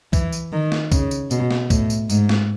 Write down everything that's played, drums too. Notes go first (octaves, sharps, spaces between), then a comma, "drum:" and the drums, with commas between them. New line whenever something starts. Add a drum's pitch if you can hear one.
E3, drum: kick B1, tambourine
drum: tambourine
D#3
drum: snare
C#3, drum: kick B1, tambourine
drum: tambourine
B2, drum: tambourine
drum: snare
A2, drum: kick B1, tambourine
drum: tambourine
G#2, drum: tambourine
drum: snare